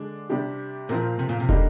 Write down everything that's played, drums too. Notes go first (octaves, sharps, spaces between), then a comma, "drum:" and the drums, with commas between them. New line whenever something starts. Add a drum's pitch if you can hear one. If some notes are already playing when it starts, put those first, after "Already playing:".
Already playing: D3 G#3 D4
C3 G3 D4 G4
A#2 F3 C4 F4 A#4
C3
A#2
C3
D3 G3 A#3 D#4, drum: kick